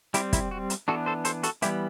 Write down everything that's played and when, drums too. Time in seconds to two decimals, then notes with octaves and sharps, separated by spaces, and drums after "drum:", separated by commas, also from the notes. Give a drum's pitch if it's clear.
0.14 G3 C4 E4 G4, drum: hi-hat
0.33 E4, drum: kick, hi-hat
0.51 F#4
0.70 drum: hi-hat
0.88 E3 B3 D4 F#4 A4
1.06 A4 C5
1.25 A4 C5, drum: hi-hat
1.43 F#4 A4, drum: hi-hat
1.62 E3 G3 B3 E4 G4, drum: hi-hat